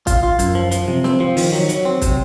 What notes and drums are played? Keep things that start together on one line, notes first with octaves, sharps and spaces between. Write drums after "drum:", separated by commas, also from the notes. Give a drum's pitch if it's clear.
F4, drum: kick, hi-hat
F4
F#2, drum: hi-hat
F3
F3, drum: hi-hat
C3
C4, drum: snare
F3
D#3, drum: open hi-hat
F#3
F#3, drum: hi-hat
C4
C3, drum: kick, hi-hat